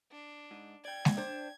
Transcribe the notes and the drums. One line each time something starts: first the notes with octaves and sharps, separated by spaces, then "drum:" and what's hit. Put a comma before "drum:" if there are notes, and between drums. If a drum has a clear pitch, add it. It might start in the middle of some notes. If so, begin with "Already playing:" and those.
D4
G#2
D5 G5 G#6
drum: snare G#3
D4 C5